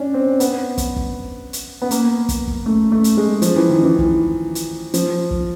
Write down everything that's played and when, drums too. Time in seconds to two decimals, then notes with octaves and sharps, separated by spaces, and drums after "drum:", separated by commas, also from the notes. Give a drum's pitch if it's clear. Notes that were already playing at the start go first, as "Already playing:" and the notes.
Already playing: C#4 D4
0.14 C4
0.40 B3, drum: hi-hat
0.78 drum: kick, hi-hat
0.96 drum: kick
1.53 drum: hi-hat
1.82 B3
1.91 A#3, drum: hi-hat
2.29 drum: kick, hi-hat
2.48 drum: kick
2.66 A3
2.92 A3
3.04 drum: hi-hat
3.17 G#3
3.42 F3, drum: hi-hat
3.56 E3
3.69 D#3
3.83 E3
3.99 drum: kick
4.55 drum: hi-hat
4.94 F3, drum: hi-hat
5.31 drum: kick